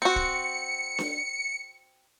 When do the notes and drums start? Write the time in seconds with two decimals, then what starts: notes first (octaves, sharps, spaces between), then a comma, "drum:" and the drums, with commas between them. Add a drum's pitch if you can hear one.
0.02 C4 F#4 C#7
0.16 drum: kick
0.98 drum: snare D4